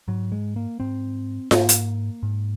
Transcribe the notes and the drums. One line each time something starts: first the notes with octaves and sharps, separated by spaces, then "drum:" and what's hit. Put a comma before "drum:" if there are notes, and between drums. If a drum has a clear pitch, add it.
G#2 F#3
G#3
A#3
G#2 C4
G#2 A#3, drum: snare F4
drum: hi-hat
G#2